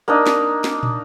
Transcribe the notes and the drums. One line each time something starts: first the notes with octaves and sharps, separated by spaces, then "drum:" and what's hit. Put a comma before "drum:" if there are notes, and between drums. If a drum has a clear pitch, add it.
A#3 D4 D#4
drum: snare
drum: snare
drum: tom